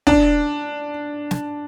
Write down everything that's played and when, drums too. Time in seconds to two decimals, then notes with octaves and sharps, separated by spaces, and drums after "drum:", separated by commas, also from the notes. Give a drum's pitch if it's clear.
0.07 D4, drum: kick
1.31 drum: snare